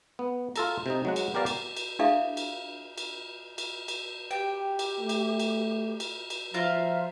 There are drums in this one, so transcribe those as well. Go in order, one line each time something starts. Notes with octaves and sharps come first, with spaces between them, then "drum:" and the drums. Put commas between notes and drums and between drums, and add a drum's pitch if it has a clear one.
B3
F4 A4 A#5, drum: cymbal
C3 D#4
F#3 G#3 F#5
drum: cymbal
B3 G4 A#4 D5 F5
drum: cymbal
drum: cymbal
D4 E4 G#4 A4 E5 F5
drum: cymbal
drum: cymbal
drum: cymbal
drum: cymbal
G4 G5
drum: cymbal
A3
drum: cymbal
drum: cymbal
drum: cymbal
drum: cymbal
F3 F4 E5 F5 A#5